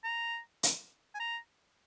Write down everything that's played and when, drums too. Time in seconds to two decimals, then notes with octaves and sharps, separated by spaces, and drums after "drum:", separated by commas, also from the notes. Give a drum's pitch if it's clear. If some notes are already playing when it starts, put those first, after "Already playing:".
0.04 A#5
0.63 drum: hi-hat
1.14 G#5
1.20 A#5